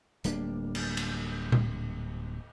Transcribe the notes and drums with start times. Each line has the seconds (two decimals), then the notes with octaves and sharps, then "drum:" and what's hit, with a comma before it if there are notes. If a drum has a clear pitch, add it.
0.24 D1 G3 A#3 D4, drum: hi-hat
0.75 drum: cymbal
0.97 drum: cymbal
1.52 drum: tom A#2